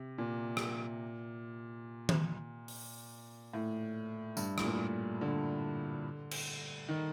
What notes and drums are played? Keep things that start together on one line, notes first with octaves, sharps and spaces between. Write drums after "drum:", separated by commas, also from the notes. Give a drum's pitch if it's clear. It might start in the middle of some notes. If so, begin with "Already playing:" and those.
Already playing: C3
A#2
drum: rim click
drum: tom D#3
drum: open hi-hat
A2
G2, drum: tambourine
A2, drum: rim click
A#2
D3
drum: cymbal
D#3